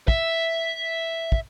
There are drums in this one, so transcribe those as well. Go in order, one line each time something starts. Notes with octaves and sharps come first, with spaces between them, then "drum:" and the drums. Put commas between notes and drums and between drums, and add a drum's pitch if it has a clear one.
E5, drum: kick
drum: kick